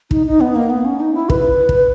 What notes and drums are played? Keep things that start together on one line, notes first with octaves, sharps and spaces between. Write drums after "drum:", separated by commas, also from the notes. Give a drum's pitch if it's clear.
D#4, drum: kick
D#4
B3
A#3
B3
C#4
D#4
E4
B4, drum: kick
drum: kick